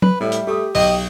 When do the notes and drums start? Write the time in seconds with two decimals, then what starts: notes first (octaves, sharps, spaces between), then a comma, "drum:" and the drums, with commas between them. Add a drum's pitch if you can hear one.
0.02 B4, drum: tom
0.21 A2 G3 E5
0.32 drum: hi-hat
0.47 A3 G4 D#6
0.75 B1 D#5 G5, drum: open hi-hat